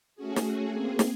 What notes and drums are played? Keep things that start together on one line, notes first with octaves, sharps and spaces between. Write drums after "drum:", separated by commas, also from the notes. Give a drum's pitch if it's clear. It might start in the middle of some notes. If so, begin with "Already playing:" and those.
A3 C#4 F#4 G#4
drum: snare
A#3 C4 G#4
drum: snare